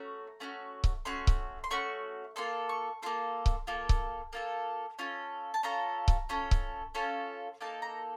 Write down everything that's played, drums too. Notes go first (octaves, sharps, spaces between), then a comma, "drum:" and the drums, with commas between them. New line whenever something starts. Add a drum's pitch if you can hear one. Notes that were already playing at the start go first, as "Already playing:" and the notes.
Already playing: A3 C#4 F#4 A#5
A3 C#4 F#4
drum: kick C#1
A3 C#4 F#4 C6
drum: kick C#1
C6
A3 C#4 F#4 C#6
A#3 F4 A4 C6
C#6
A#3 F4 A4 C6
drum: kick C#1
A#3 F4 A4
drum: kick C#1
A#3 F4 A4
C#4 F4 A4
A5
C#4 F4 A4 A#5
drum: kick C#1
C#4 F4 A4
drum: kick C#1
C#4 F4 A4
A#3 D#4 A4 A5
A#5